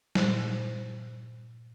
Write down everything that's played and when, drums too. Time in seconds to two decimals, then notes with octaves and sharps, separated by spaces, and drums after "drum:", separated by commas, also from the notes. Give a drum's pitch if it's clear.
0.15 G2 A#2 C5 F#6, drum: snare